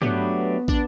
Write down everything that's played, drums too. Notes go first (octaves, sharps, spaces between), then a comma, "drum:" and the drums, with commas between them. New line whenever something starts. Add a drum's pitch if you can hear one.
F#3 A3 B3 D4 G4, drum: tom
D4, drum: kick